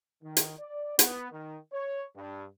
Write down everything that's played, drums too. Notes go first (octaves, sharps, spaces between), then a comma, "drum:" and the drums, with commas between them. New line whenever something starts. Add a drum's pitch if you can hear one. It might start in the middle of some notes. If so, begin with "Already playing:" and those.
D#3
drum: hi-hat
D5
B3, drum: hi-hat
D#3
C#5
G2